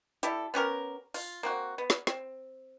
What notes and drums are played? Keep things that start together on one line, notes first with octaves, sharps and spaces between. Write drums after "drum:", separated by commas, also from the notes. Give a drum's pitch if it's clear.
G3 E4 G4 A4, drum: hi-hat
B3 C#4 G4 A#4
F4, drum: open hi-hat
A#3 C4 F#4
B3
drum: snare
C4, drum: snare